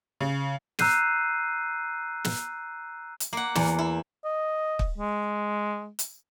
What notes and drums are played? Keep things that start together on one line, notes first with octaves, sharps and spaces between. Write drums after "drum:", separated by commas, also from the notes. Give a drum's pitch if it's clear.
C#3
A#5 E6 F#6 G6 C7 D#7, drum: snare
drum: snare
drum: hi-hat
A#3 F#5
E2, drum: snare
E4
D#5
drum: kick
G#3
drum: hi-hat